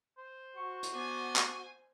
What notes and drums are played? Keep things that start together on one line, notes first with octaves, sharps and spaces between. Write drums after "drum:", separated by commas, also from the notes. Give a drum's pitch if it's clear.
C5
F#4 C#6
drum: hi-hat
B3 D4 C5 G#5
drum: clap